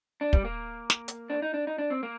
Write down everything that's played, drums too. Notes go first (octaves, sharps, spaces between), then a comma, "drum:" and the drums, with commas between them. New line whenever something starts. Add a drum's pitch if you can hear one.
D4
G3, drum: kick
A#3
drum: snare
drum: hi-hat
D4
D#4
D4
D#4
D4
C4
A#3